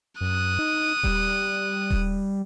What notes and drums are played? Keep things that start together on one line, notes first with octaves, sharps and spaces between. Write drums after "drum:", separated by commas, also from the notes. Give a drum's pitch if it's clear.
F#2 D#6 F#6
D#4
G3, drum: kick D#1
drum: kick D#1